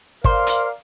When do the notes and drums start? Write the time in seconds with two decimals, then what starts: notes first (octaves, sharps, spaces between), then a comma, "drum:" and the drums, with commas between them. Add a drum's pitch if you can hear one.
0.24 A#4 C5 D5 F5, drum: kick
0.47 drum: hi-hat